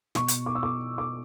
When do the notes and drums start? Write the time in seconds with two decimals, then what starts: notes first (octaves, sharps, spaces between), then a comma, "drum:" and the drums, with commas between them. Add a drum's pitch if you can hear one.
0.15 B2 C#6, drum: snare
0.28 drum: hi-hat
0.46 D6
0.55 E6
0.63 D6
0.98 D6